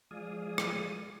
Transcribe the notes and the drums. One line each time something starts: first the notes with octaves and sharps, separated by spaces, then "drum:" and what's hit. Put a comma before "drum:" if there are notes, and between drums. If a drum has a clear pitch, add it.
F3 G#3 D5 F5 G#5 D#6
drum: rim click